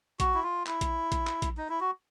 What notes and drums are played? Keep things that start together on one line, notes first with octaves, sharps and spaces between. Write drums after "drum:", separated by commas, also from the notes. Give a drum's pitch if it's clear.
F#4, drum: kick A#1, hi-hat
E4
F4
E4, drum: clap
drum: kick A#1, hi-hat
drum: kick A#1, hi-hat
drum: clap
drum: kick A#1, hi-hat
D#4
E4
F#4